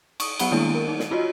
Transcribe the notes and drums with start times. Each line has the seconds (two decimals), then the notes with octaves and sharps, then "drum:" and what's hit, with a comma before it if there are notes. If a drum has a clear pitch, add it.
0.20 C#6 D#6, drum: cymbal
0.39 F#3 B3 G4 F#5 B5 G7, drum: cymbal
0.52 D#3 G3 G#3 A#3 D4 E4
0.75 A#4
0.88 D#4
0.99 drum: snare
1.11 D#4 F4 F#4 C#5 D#5